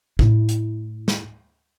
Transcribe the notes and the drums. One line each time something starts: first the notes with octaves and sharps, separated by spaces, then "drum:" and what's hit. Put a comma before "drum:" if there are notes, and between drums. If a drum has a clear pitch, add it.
A2 E4, drum: kick
drum: hi-hat
drum: snare